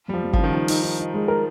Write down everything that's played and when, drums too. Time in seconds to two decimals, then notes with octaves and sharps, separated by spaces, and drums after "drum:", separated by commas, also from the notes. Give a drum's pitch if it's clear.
0.08 F2 G3
0.13 F3
0.24 F2
0.33 C#3 F3, drum: kick G1
0.44 D#3
0.53 F3 D#4
0.68 D#4, drum: open hi-hat
0.83 D#4
0.99 D#4
1.14 G#3
1.28 A#4